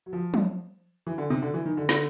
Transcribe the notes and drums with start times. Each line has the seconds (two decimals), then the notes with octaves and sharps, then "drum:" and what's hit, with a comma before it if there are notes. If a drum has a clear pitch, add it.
0.06 F#3
0.13 F3
0.34 drum: tom
1.07 E3
1.18 D3
1.30 C3
1.42 D3
1.54 E3
1.65 D#3
1.77 D3
1.89 D3, drum: snare